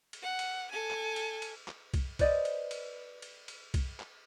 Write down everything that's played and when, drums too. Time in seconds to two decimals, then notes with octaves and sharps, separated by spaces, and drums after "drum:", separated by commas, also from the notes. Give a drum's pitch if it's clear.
0.13 drum: cymbal
0.23 F#5
0.39 drum: cymbal
0.71 A4 G#5
0.90 drum: clap
1.16 drum: cymbal
1.42 drum: cymbal
1.68 drum: clap
1.94 drum: kick C2, cymbal
2.19 B4 C5 D5 D#5, drum: kick C2, cymbal
2.45 drum: cymbal
2.71 drum: cymbal
3.22 drum: cymbal
3.48 drum: cymbal
3.74 drum: kick C2, cymbal
4.00 drum: clap